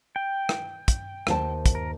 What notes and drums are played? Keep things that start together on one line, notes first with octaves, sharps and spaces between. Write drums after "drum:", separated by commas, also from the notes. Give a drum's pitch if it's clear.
G5
drum: rim click
drum: kick, hi-hat
D#2 C5 A5, drum: rim click
drum: kick, hi-hat
A#4